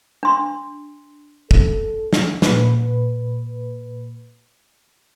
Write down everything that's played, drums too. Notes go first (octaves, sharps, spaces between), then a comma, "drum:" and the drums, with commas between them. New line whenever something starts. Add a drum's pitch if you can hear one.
D4 C6
A4, drum: kick
drum: snare
A#2 B4, drum: snare